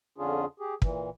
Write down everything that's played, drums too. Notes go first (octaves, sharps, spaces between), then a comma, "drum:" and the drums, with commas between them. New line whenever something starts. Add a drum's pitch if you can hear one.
F2 D3 C#4 D4 F4 G#4
G4 G#4
A#2 E3, drum: kick